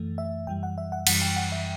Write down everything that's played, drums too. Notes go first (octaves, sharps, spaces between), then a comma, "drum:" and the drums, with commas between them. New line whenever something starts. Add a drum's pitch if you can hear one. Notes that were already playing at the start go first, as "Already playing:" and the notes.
Already playing: F#2 E3 A3
E5
F#2 E3 G3 G5
F#5
E5
F#5
F#2 E3 G3 F#5, drum: cymbal
G5
F#5
E5